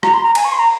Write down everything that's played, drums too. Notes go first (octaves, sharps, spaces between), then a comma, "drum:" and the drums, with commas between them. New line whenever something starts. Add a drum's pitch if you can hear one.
A#5, drum: rim click
C6
A#5
G#5, drum: cymbal
C#6
C6
A#5